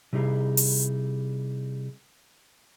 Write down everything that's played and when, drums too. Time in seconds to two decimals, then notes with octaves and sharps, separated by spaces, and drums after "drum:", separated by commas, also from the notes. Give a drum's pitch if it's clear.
0.13 C3 G3 D#4 E4 G#4
0.57 drum: open hi-hat